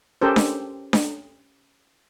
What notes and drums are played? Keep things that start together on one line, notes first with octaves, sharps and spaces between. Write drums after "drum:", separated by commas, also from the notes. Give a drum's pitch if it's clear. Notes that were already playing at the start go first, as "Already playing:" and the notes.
C#4 G4 A4 A#4 C5
drum: snare D4
drum: snare D4